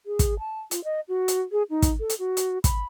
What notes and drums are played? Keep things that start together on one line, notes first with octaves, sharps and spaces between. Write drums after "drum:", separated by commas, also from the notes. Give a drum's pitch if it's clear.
G#4
drum: kick, hi-hat
A5
F4, drum: hi-hat
D#5
F#4
drum: hi-hat
G#4
D#4
drum: kick, hi-hat
A4
drum: hi-hat
F#4
drum: hi-hat
B5, drum: kick, hi-hat